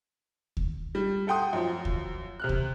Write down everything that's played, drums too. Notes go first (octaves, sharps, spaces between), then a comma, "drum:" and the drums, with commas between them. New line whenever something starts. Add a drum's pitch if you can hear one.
drum: kick D2
G3
A4 F#5 G5 C6 D#6
F#2 F3
drum: kick D2
C3 F6 F#6
drum: kick D2